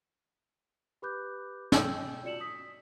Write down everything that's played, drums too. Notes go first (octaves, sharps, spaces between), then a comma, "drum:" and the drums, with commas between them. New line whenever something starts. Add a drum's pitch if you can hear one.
G4 B4 B5 D6 F#6 G6
G5 A5 E6 G6, drum: snare
F4 F#4 D5 C#7 E7 F#7
D#6 B6